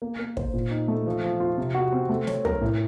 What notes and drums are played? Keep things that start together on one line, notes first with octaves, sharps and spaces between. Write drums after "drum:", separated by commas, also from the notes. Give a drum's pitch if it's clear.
A#3
A#3
C5, drum: kick
A#2
D#4
A3
F3
F3
F4
C3
F#4
C4
A3
C#5, drum: snare
A#4, drum: tom
A2